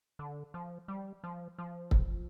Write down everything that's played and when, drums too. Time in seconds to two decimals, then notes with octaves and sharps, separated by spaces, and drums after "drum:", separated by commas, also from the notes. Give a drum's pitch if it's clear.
0.19 D3
0.54 F3
0.88 G3
1.24 F3
1.58 F3
1.91 drum: kick